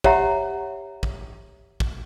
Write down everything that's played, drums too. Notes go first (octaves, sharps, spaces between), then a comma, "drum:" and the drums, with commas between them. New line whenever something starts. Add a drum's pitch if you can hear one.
G4 C#5 E5 F#5 A#5, drum: kick
drum: kick
drum: kick